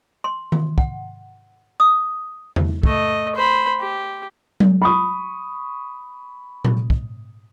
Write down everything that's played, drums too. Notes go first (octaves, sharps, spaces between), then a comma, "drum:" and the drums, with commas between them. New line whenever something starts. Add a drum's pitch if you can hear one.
C6
drum: tom D#3
F#5, drum: kick
D#6
drum: tom E2
A3 D#5, drum: kick
C5 B5
G4
drum: tom F#3
B5 C#6 D#6
drum: tom A#2
drum: kick